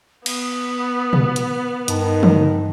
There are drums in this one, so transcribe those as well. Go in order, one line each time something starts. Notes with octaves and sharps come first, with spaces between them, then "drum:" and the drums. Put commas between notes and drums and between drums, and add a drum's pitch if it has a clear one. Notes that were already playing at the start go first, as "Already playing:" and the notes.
B3 D#6, drum: cymbal
drum: tom
drum: hi-hat
G2 D#3 D#4 A5, drum: hi-hat
drum: tom